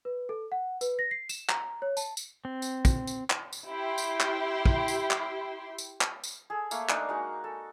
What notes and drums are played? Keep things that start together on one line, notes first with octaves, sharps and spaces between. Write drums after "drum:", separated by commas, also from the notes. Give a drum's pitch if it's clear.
B4
A4
F#5
B4, drum: tambourine
A#6
C7
E7, drum: tambourine
A#5, drum: clap
C#5
A5, drum: tambourine
drum: tambourine
C4
drum: tambourine
drum: kick, tambourine
drum: tambourine
drum: clap
drum: tambourine
E4 G4 G5 C6
drum: tambourine
drum: clap
drum: kick
drum: tambourine
drum: clap
drum: tambourine
drum: clap
drum: tambourine
G#4 A4
A3 A#3 F5, drum: tambourine
D4 D#4 A#4, drum: clap
G#3 A#3 D#4 F#4
A4